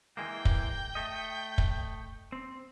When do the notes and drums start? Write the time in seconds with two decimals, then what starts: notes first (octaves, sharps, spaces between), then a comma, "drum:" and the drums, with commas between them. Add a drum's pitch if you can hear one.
0.17 E3 G#3 A#3 G5
0.45 drum: kick
0.95 A3 D#5
1.58 drum: kick
2.32 C4